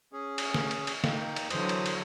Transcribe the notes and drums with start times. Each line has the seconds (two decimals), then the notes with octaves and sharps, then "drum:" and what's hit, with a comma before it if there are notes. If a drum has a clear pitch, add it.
0.13 C#4 G#4
0.38 drum: cymbal
0.54 drum: snare
0.71 drum: cymbal
0.87 drum: cymbal
1.04 A#3 D#4 G5, drum: snare
1.36 drum: cymbal
1.50 D3 E3 F#3 C5 D#6, drum: cymbal
1.69 drum: cymbal
1.86 drum: cymbal